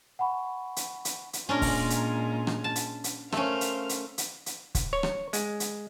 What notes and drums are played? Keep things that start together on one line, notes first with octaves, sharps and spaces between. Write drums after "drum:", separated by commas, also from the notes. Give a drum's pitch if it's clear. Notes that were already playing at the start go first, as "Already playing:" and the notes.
F#5 G#5 B5 C#6
drum: hi-hat
drum: hi-hat
drum: hi-hat
A#2 G#3 C#4 D4 F4 A#4
drum: kick, open hi-hat
drum: hi-hat
drum: rim click
A5
drum: hi-hat
drum: hi-hat
A3 C#4 A#4 C5 F5, drum: rim click
drum: hi-hat
drum: hi-hat
drum: hi-hat
drum: hi-hat
drum: kick, hi-hat
C#5
drum: rim click
G#3, drum: hi-hat
drum: hi-hat